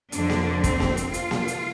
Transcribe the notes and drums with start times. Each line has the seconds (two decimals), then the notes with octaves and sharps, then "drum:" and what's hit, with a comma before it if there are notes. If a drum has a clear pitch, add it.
0.12 F2 D3 D4, drum: hi-hat
0.30 drum: snare A#3
0.64 C4, drum: kick, hi-hat
0.80 drum: snare A#3
0.97 drum: hi-hat
1.14 F4, drum: hi-hat
1.31 drum: snare A#3
1.48 drum: hi-hat